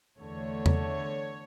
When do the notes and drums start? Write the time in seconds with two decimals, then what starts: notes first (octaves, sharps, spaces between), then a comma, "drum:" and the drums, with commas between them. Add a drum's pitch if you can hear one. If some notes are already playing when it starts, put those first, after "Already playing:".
0.19 E2 D3 A3 C#5
0.66 drum: tom E2